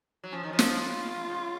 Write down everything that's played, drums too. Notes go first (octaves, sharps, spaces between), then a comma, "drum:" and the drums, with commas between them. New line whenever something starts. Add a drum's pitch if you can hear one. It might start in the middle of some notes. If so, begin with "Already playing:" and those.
F#3
F3 C#4
D#3 D#4
F3
F4, drum: snare
C#3